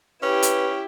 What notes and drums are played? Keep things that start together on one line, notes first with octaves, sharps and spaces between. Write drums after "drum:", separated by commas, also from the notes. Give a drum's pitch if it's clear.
C#4 E4 G4 B4
drum: hi-hat